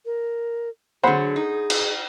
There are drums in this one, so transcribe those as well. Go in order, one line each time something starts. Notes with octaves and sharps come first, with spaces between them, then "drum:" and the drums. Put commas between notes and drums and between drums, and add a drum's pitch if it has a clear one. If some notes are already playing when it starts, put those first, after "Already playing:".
A#4
D3 F#3 G#4 C5 F#5 B5
D#4
drum: cymbal